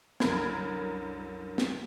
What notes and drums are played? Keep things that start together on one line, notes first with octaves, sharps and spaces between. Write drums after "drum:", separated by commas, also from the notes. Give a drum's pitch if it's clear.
C2 F#2 D3 A#4 B5 G#6, drum: snare
drum: snare